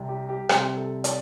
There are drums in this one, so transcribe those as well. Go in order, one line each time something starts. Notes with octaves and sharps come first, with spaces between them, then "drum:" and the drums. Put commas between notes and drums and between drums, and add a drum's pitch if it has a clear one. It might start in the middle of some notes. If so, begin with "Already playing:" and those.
Already playing: C2 C3 G3
G4
G4
C2 C3 G3 C5, drum: rim click
A4
D5, drum: hi-hat